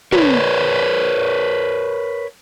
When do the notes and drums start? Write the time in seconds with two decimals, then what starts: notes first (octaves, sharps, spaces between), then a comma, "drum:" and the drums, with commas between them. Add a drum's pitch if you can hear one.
0.12 A#4 B4 C#5, drum: tom